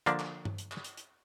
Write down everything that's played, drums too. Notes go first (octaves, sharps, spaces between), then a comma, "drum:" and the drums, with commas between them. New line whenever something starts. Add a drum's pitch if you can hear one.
D3 F3 A#3 D4, drum: hi-hat
drum: clap
drum: tom G2
drum: hi-hat
drum: clap
drum: hi-hat
drum: hi-hat